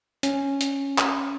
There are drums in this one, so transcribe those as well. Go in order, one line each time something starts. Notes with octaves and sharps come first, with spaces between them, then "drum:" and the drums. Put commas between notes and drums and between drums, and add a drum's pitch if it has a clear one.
C#4, drum: hi-hat
drum: hi-hat
drum: clap